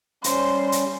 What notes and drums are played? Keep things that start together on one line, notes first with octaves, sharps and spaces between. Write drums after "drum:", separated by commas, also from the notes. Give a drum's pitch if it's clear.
G3 C#4 C5, drum: hi-hat
drum: hi-hat